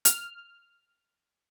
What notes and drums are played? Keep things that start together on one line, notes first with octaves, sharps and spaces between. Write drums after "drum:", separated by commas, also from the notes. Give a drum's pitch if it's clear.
F6, drum: hi-hat